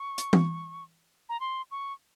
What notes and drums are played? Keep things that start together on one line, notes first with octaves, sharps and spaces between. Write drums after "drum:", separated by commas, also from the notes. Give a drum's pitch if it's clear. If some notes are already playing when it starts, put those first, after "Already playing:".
Already playing: C#6
drum: hi-hat
drum: tom E3
A#5
C6
C#6